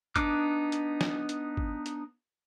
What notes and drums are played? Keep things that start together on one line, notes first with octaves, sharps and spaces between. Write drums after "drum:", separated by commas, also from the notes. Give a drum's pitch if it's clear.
B3 D4 D#4 D6 F#6, drum: kick, hi-hat
drum: hi-hat
drum: snare
drum: hi-hat
drum: kick
drum: hi-hat